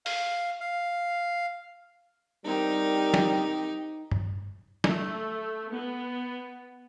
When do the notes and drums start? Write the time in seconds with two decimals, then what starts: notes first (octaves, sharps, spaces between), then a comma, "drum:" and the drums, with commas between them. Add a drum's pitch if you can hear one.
0.06 F5, drum: open hi-hat
0.61 F5
2.45 G3 C4 D#4 G4 A#4
3.14 drum: snare
4.11 drum: tom G2
4.84 A3, drum: snare
5.72 B3